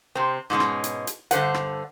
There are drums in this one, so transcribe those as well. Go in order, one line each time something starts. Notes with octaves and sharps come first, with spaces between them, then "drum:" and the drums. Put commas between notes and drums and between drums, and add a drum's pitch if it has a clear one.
C3 C4
G#2 B2 G#3 C#4
drum: rim click
drum: hi-hat
drum: hi-hat
G2 D3 C5 F#5, drum: hi-hat
drum: rim click